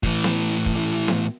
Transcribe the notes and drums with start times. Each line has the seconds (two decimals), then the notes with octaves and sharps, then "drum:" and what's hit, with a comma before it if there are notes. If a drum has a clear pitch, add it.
0.03 A2 E3, drum: kick
0.24 drum: snare B3
0.66 drum: kick
1.08 drum: snare B3